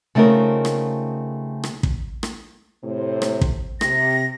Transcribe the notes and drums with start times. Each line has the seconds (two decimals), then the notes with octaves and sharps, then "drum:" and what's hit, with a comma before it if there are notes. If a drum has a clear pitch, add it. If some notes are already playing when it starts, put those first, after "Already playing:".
0.15 C#3 A3 C4 D#4 F4 A#4
0.65 drum: rim click
1.64 drum: rim click
1.83 drum: kick
2.23 drum: rim click
2.84 A2 C3 C5
3.22 drum: rim click
3.41 drum: kick
3.81 C3 A#6, drum: rim click